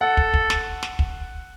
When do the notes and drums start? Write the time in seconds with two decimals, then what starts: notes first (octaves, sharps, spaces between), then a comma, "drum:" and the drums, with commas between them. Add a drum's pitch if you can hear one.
0.01 A4 F#5
0.17 drum: kick
0.34 drum: kick
0.50 drum: snare
0.83 drum: snare
0.99 drum: kick